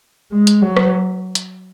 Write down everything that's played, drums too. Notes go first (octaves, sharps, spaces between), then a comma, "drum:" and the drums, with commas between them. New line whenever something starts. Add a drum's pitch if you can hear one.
G#3
drum: hi-hat
F#3
drum: rim click
drum: hi-hat